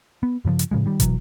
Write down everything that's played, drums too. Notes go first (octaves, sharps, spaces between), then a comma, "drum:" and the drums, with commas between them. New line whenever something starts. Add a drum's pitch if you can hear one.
B3
G2 C#3 E3 F3
drum: hi-hat
A2 C#3 F3 G#3
D#3 G3
B2 E3 F#3, drum: kick, hi-hat